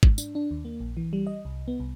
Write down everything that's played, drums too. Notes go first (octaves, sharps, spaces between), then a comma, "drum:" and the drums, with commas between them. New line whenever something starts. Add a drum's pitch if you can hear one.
G#2, drum: kick
D4, drum: tambourine
D4
D#2
A#3
A#1
E3
G3
D#5
C2
B3
C2